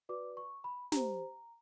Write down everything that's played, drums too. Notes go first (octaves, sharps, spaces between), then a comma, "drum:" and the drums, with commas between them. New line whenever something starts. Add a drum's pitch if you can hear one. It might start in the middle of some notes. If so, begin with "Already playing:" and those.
F#4 B4 D5 D6
C#6
B5
G4 C5 A#5, drum: snare